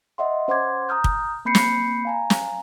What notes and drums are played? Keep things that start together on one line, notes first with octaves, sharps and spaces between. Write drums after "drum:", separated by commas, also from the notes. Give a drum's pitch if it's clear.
D#5 E5 F#5 C6
C#4 C5 F#5 C6 D6 G#6
A#5 D#6 F6 G6
drum: kick
A#3 C4 B5 G6 C7 C#7
drum: snare
F5 G#5 A#5
drum: snare